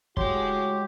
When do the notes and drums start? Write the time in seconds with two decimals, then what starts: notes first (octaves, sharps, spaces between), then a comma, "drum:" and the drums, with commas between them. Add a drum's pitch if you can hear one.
0.17 A2 C#3 G#3 F#4 G4 C#5 C6, drum: kick